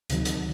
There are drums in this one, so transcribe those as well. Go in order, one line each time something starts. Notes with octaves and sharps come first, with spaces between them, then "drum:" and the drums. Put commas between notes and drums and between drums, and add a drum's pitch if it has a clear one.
D2 C3 D#3 F#3, drum: hi-hat
drum: hi-hat